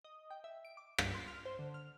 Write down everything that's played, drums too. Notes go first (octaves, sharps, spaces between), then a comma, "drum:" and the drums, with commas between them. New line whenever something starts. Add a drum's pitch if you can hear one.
D#5
G5
E5
D7
D6
G2, drum: rim click
C6
F6
C5
D3
F6